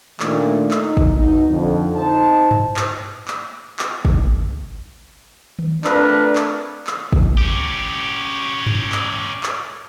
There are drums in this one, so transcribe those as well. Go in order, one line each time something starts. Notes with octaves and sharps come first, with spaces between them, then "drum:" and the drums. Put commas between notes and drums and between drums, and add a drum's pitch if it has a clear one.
A#2 D#3 A3 D4, drum: clap
D#4, drum: clap
drum: kick
B2 D#4
F2 D3
D#4 C5 A5
drum: tom G2
drum: clap
drum: clap
drum: clap
drum: kick
drum: tom
A3 C4 D4 F4 A#4 B4, drum: clap
drum: clap
drum: clap
drum: kick
C#4 G4
drum: tom G2
drum: clap
drum: clap